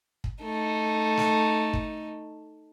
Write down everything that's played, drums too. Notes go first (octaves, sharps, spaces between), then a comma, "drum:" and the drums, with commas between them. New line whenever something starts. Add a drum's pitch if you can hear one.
drum: kick
A3 D#4
drum: snare
drum: kick